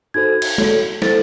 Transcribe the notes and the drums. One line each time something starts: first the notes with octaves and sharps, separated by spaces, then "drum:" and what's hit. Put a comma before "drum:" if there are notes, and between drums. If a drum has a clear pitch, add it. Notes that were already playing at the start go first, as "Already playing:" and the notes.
D#4 F#4 A4 C5 G#6
drum: cymbal
F#4 A4 C#5, drum: tom
E4 A4 C5 A6, drum: snare